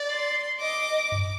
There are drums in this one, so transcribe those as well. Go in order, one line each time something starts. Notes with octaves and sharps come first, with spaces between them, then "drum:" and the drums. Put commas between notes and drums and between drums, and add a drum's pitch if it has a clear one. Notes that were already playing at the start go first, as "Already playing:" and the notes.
Already playing: D5
C6
D#5 D6
drum: tom F#2